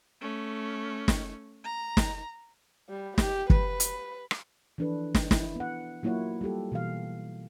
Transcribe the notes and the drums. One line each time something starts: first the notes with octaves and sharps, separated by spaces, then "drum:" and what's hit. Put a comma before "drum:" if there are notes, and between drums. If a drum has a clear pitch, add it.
A3 C#4
drum: snare
A#5
drum: snare
G3
G4, drum: snare
B4, drum: kick
drum: hi-hat
drum: rim click
E3 F3 D4 A4 B4
drum: snare
E4, drum: snare
B3 F#5
F#3 A#3 E4 F4 C#5 F#5
G3 F4 G4 A4
B2 E3 F5